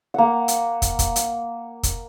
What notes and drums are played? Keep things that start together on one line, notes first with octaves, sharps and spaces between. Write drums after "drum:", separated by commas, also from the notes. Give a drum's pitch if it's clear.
A#3 F#5
drum: hi-hat
drum: kick, hi-hat
drum: kick, hi-hat
drum: hi-hat
drum: kick, hi-hat